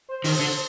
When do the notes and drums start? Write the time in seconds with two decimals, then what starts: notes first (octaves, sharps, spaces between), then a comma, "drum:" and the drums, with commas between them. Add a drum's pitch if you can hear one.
0.09 C5
0.24 D#3, drum: open hi-hat
0.39 D3